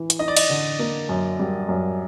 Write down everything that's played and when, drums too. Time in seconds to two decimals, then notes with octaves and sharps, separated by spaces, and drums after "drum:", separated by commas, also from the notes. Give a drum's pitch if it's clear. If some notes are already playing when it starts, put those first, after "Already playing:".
Already playing: E3
0.10 drum: hi-hat
0.19 D#4 D#5
0.28 D5
0.37 D#5, drum: cymbal
0.50 D3
0.79 A#3
1.09 F#2
1.39 G3
1.69 F#2